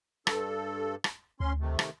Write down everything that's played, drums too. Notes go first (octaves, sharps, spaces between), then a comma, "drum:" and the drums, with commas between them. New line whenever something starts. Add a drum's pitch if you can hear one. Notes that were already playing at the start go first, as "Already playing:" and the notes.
G2 A4, drum: rim click
drum: rim click
D2 C#4 C6
C3 D#3 A3
drum: rim click